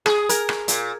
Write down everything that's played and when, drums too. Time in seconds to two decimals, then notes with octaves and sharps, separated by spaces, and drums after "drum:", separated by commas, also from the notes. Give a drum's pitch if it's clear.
0.06 G#4, drum: rim click
0.29 A#4, drum: hi-hat
0.49 drum: rim click
0.68 A#2, drum: hi-hat